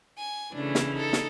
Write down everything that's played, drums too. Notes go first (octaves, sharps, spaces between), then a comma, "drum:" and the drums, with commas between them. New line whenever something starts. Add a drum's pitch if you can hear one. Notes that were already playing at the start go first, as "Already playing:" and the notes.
G#5
C#3 E3 A3 D4
drum: snare
D#4 A4
drum: snare